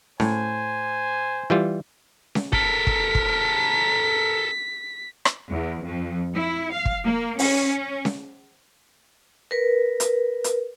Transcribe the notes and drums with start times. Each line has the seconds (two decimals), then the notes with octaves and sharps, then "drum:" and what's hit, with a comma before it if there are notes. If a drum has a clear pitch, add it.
0.20 A2 C5 G#5, drum: snare C#4
1.50 E3 G3 F4
2.35 drum: snare C#4
2.53 A4 A#4 B6, drum: kick
2.87 drum: kick
3.15 drum: kick
5.25 drum: rim click
5.50 E2
5.85 F2
6.36 E4
6.72 F5
6.85 drum: kick
7.05 A#3
7.39 C#4, drum: open hi-hat
8.05 drum: snare C#4
9.51 A#4 B4
10.00 drum: hi-hat
10.44 drum: hi-hat